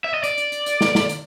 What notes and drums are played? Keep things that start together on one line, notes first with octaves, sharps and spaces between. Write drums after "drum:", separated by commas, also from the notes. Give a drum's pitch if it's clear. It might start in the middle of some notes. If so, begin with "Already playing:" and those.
E5
D#5
D5, drum: hi-hat
drum: hi-hat
drum: hi-hat
drum: hi-hat
drum: snare
drum: snare
drum: hi-hat